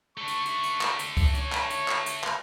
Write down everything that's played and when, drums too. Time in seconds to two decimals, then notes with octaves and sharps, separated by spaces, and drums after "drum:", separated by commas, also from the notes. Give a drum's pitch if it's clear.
0.18 A3 D4 C#6
0.28 drum: hi-hat
0.45 drum: hi-hat
0.63 drum: hi-hat
0.81 drum: clap
0.99 drum: hi-hat
1.17 drum: kick C#2, open hi-hat
1.35 C#5, drum: hi-hat
1.53 drum: clap
1.70 drum: hi-hat
1.88 drum: clap
2.06 drum: hi-hat
2.24 drum: clap